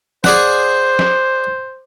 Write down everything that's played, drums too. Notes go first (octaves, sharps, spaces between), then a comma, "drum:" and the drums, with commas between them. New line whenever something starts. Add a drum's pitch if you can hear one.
G#4 C5 D5 F#5, drum: snare
drum: snare